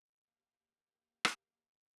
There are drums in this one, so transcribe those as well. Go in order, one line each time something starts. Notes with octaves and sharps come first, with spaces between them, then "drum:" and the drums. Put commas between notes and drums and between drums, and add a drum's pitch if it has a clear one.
A#3 G4 F5 G6
drum: rim click